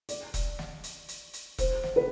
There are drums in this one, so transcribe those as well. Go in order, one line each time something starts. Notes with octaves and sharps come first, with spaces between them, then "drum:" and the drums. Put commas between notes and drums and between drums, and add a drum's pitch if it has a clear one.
D5, drum: hi-hat
drum: kick E1, hi-hat
drum: snare
drum: hi-hat
drum: hi-hat
drum: hi-hat
C5, drum: kick E1, hi-hat
drum: snare
B4